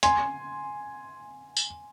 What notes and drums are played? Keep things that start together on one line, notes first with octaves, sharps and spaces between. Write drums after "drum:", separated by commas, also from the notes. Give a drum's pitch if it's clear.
G#5 C6, drum: hi-hat
drum: tambourine